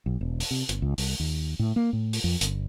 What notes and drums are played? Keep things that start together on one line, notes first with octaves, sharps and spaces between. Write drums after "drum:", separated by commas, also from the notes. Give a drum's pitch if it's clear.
B1
E1
drum: open hi-hat
C3
G1, drum: hi-hat
C#2
C2, drum: open hi-hat
D#2
A2
A#3
A2
drum: open hi-hat
F2
G1, drum: hi-hat